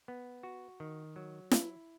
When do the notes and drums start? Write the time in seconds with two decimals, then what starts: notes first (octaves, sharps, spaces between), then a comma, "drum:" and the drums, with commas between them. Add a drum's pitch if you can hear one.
0.08 B3
0.43 F#4
0.80 D#3
1.16 F#3
1.51 E4, drum: snare